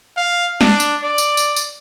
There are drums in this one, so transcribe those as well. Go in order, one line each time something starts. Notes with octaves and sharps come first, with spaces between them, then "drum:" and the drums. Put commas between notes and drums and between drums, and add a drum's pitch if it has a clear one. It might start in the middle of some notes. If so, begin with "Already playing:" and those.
F5
D4, drum: snare
drum: tambourine
D5
drum: tambourine
drum: tambourine
drum: tambourine